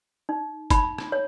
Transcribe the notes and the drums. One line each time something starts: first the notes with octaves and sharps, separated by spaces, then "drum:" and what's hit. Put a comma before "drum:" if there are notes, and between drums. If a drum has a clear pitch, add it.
D#4
D#4 B5, drum: kick F#1, hi-hat
drum: rim click
C#5